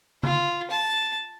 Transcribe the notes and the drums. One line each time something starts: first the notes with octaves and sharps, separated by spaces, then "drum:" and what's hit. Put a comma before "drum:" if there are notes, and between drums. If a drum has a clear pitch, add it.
F4, drum: tom C#3
A5